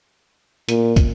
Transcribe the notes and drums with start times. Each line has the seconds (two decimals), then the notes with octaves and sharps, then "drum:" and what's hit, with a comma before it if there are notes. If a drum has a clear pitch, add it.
0.69 A#2, drum: hi-hat
0.96 drum: kick, hi-hat